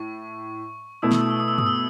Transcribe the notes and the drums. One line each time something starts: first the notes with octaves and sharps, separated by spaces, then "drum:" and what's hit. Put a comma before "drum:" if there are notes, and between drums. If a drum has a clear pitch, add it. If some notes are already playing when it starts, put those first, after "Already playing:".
Already playing: A2 C#6
B2 A3 E4 D#6
E6, drum: snare
D#6
E6
D#6
E6
D#6, drum: tom G2
E6